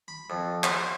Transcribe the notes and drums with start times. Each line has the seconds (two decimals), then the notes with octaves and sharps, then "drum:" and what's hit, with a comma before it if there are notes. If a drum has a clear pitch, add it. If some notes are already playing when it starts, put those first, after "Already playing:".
0.08 B5
0.30 F2
0.64 C5, drum: clap